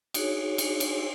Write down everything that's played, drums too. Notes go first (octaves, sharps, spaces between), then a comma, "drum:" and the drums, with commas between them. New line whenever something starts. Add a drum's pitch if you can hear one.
D#4 F#4 G#4 C#5, drum: cymbal
drum: cymbal
drum: cymbal